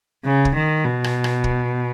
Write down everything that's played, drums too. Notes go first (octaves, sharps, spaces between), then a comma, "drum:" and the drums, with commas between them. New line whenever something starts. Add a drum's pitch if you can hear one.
C#3
drum: kick
D#3
B2
drum: rim click
drum: rim click
drum: kick